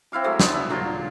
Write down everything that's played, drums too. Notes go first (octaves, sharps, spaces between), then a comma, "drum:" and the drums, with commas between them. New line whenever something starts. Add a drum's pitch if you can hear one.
C4 E4 F5 D6
F#3 G#3 A3 C6
B3, drum: snare
E5
A#2 F#3 F4 C6